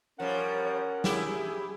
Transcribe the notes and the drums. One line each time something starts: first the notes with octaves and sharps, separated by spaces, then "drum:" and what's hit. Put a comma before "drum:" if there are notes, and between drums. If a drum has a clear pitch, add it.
F3 G3 C#4 A#4 C#5 F#5
E4 G4 G#4, drum: snare